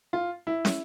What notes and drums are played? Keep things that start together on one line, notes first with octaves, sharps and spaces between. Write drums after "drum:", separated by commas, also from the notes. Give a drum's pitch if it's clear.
F4
E4
drum: snare